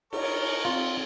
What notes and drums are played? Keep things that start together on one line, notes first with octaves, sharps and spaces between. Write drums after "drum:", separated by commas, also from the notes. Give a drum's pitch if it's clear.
A#4 C#5 C#6, drum: cymbal
C4 F4